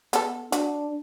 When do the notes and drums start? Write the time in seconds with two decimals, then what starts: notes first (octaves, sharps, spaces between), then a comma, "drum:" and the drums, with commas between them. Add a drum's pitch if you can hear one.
0.13 B3 A4, drum: hi-hat
0.52 D4 F#4, drum: hi-hat